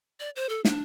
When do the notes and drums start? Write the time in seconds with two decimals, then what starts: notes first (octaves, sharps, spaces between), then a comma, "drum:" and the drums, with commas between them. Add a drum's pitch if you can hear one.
0.20 D5
0.36 C5
0.49 A4
0.65 D4, drum: snare